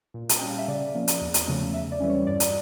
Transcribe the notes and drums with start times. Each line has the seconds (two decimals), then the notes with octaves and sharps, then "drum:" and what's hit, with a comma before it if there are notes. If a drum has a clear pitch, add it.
0.14 A#2
0.29 A5, drum: hi-hat
0.38 G3 C#4 G5
0.49 F5
0.59 E5
0.68 C#3 D5
0.95 F3 A#3 C#4
1.08 drum: hi-hat
1.21 E2
1.34 drum: hi-hat
1.47 C#3 F3 A3 C#4
1.74 E2 E5
1.92 D5
2.00 E3 G3 C#4
2.09 C#5
2.27 G2 D5
2.40 drum: hi-hat